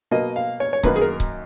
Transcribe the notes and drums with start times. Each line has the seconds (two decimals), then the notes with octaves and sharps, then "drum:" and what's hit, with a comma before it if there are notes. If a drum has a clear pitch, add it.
0.11 B2 F#3 A#3 D#5
0.36 F5
0.60 C#5
0.73 C#5
0.83 F#2 D#3 F#3 A#3 B4, drum: kick C#1
0.96 G#4
1.01 A#4
1.20 drum: kick C#1